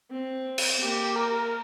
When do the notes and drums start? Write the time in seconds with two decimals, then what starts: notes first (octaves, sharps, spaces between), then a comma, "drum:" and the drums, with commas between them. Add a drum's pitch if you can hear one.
0.11 C4
0.58 drum: cymbal
0.81 A#3 G4
1.16 A#4